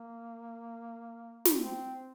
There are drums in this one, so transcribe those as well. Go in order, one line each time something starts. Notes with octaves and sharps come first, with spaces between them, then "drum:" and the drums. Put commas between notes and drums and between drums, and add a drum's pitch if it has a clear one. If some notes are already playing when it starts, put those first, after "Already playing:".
Already playing: A#3
drum: snare
C4